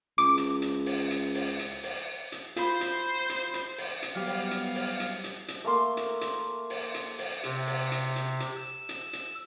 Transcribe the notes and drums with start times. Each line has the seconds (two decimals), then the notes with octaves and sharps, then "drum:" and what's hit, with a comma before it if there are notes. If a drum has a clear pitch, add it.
0.18 C#2 D6
0.38 drum: hi-hat
0.62 drum: hi-hat
0.86 drum: open hi-hat
1.11 drum: hi-hat
1.35 drum: open hi-hat
1.59 drum: hi-hat
1.83 drum: open hi-hat
2.32 drum: hi-hat
2.56 F4 C5 B5, drum: hi-hat
2.81 drum: hi-hat
3.29 drum: hi-hat
3.54 drum: hi-hat
3.78 drum: open hi-hat
4.02 drum: hi-hat
4.16 F#3 G3 B3 G4 F5
4.27 drum: open hi-hat
4.51 drum: hi-hat
4.75 drum: open hi-hat
5.00 drum: hi-hat
5.24 drum: hi-hat
5.48 drum: hi-hat
5.64 A3 A#3 C6
5.97 drum: hi-hat
6.21 drum: hi-hat
6.70 drum: open hi-hat
6.94 drum: hi-hat
7.19 drum: open hi-hat
7.44 C3, drum: hi-hat
7.67 drum: open hi-hat
7.92 drum: hi-hat
8.16 drum: hi-hat
8.40 drum: hi-hat
8.56 E6
8.89 drum: hi-hat
9.13 drum: hi-hat